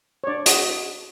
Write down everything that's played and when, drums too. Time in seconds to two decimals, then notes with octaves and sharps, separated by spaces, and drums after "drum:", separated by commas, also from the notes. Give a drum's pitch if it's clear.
0.24 C#5
0.27 D4 D5
0.46 F#4 D#5, drum: hi-hat